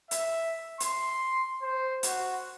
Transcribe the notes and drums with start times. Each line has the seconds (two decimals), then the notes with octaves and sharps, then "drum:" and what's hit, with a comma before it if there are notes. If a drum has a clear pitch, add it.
0.11 E5, drum: hi-hat
0.80 C6, drum: hi-hat
1.62 C5
2.03 F#4, drum: hi-hat